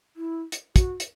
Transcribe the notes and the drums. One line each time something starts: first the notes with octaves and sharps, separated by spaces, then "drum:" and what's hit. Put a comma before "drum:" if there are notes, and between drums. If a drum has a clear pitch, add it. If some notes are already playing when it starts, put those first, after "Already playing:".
E4
drum: hi-hat
F#4, drum: kick, hi-hat
drum: hi-hat